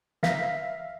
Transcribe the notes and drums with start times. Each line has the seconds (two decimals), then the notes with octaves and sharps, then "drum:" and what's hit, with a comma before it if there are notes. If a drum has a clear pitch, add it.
0.23 E5 F5 A#6 B6, drum: snare